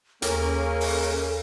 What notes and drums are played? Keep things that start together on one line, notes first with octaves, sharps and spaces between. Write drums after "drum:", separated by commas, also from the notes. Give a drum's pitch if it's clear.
D#2 C#3 A#3 C#4 A4 A#4, drum: hi-hat
drum: open hi-hat